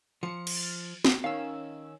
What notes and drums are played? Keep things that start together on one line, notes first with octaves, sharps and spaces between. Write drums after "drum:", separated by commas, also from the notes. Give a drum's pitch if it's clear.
F3 C#7
drum: cymbal
F6 A6
drum: snare
D#3 C#4 F5 E6